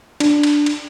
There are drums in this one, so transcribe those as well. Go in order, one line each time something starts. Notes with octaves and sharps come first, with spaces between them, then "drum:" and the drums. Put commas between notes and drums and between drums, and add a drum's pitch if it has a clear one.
D4, drum: cymbal
drum: cymbal
drum: cymbal